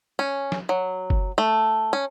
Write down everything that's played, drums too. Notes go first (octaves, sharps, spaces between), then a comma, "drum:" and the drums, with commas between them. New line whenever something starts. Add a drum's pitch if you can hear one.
C#4
drum: snare
F#3
drum: kick F#1
A3
C#4